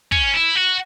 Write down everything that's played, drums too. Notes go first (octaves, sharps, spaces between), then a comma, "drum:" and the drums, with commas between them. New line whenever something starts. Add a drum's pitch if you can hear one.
C#4, drum: kick
E4
F#4